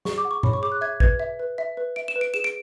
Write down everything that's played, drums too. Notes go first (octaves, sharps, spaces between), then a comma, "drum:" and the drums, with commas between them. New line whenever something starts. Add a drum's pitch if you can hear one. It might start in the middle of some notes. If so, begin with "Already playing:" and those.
G#4 C#6, drum: snare
D6
F#5
C#6
C#5 B5, drum: tom A2
C#6
G#4 D6
F#6
E5 G#6
B4 G#6, drum: kick
E5
B4
E5
B4
E5 D7
E7
B4
D7
G#4 E7
D7